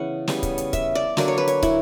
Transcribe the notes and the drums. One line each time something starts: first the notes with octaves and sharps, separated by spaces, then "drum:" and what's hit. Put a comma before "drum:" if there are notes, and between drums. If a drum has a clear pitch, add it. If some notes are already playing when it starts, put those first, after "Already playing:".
Already playing: C#3 E3 B3 F#5
C#3 G3 B3, drum: snare
drum: kick, hi-hat
drum: hi-hat
E5, drum: kick, hi-hat
D5
D3 F#3 A#3 D5, drum: snare
C#5
B4
C#5, drum: hi-hat
E4, drum: kick, hi-hat